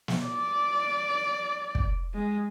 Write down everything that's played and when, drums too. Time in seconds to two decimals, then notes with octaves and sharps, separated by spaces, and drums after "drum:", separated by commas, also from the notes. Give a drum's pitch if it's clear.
0.08 drum: snare
0.24 D5
1.75 drum: kick
2.14 G#3